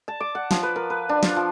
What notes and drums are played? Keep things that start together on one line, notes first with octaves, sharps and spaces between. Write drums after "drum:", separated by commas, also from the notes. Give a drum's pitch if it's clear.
A5
D6
F#5
F3, drum: snare
B4
A#4
B4
D4
F4, drum: snare
F3